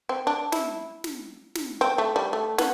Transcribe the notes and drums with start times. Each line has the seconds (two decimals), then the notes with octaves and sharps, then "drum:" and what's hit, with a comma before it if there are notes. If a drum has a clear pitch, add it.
0.09 C4
0.27 D4
0.52 E4, drum: snare
1.04 drum: snare
1.55 drum: snare
1.81 C4
1.98 A3
2.16 G3
2.33 A3
2.58 B3, drum: snare